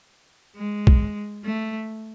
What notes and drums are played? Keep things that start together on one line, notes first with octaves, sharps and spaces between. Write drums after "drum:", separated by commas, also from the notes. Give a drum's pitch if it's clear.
G#3
drum: kick A#1
A3